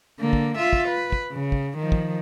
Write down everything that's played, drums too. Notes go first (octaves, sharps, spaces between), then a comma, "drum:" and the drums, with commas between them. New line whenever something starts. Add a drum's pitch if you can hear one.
D3 A#3
drum: kick
F4 E5
drum: kick
B4
drum: kick
C#3
drum: kick
D#3 F3
drum: kick